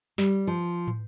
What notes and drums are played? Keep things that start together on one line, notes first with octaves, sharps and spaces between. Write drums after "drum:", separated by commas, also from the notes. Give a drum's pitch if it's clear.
G3, drum: snare
F3
drum: tom